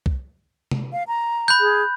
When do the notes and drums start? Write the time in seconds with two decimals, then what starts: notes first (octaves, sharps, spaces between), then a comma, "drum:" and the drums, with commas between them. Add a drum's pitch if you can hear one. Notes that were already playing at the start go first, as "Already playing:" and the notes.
0.06 drum: kick C2
0.71 drum: tom C3
0.92 F5
1.08 A#5
1.48 B5 F#6 G6
1.60 G#4